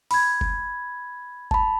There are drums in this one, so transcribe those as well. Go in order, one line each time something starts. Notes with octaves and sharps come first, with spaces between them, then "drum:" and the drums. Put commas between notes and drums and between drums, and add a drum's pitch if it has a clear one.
B5 G#6, drum: open hi-hat
drum: kick F#1
A5 B5, drum: kick F#1